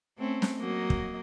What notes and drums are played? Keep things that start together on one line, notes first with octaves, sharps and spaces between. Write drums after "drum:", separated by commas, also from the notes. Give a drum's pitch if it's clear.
A3 C4 C#4
drum: snare
F#3 A#3 D#5
drum: kick